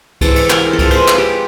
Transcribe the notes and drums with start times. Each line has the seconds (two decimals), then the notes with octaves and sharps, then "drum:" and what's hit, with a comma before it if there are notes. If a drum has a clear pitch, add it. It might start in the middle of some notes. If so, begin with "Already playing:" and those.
0.21 C3 E3 G#3 A4, drum: kick C#2, cymbal
0.36 drum: cymbal
0.50 A#4, drum: clap
0.73 A4
0.79 F3 G#3 C4 A#4, drum: kick C#2, cymbal
0.91 C5, drum: cymbal
0.98 B4
1.08 drum: clap
1.18 G4